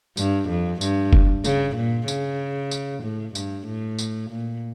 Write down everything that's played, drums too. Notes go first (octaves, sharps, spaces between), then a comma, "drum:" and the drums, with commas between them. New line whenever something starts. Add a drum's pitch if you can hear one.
G2, drum: tambourine
F2
G2, drum: tambourine
drum: kick F#1
C#3, drum: tambourine
A#2
C#3, drum: tambourine
drum: tambourine
A2
G2, drum: tambourine
A2
drum: tambourine
A#2